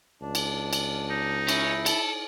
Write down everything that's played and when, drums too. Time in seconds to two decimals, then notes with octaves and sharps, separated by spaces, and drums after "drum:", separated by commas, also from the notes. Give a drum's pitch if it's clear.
0.21 C#2 D4
0.35 drum: cymbal
0.73 drum: cymbal
1.10 D#4
1.49 C#4 E4, drum: cymbal
1.86 A4, drum: cymbal